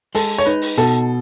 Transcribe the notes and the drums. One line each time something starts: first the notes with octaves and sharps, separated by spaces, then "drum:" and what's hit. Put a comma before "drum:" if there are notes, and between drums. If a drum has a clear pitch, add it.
G#3 A4, drum: open hi-hat
C#5, drum: hi-hat
D#4 B4
drum: open hi-hat
B2 A4